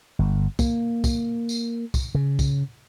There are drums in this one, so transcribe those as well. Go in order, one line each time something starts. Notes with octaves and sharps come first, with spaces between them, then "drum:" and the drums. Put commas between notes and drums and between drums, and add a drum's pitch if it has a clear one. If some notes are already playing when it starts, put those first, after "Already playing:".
G1
A#3, drum: kick, tambourine
drum: kick, tambourine
drum: tambourine
drum: kick, tambourine
C#3
drum: kick, tambourine